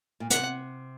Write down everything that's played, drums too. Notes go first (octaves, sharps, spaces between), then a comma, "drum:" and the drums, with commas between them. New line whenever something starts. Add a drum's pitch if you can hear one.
A#2
C3 F#5, drum: hi-hat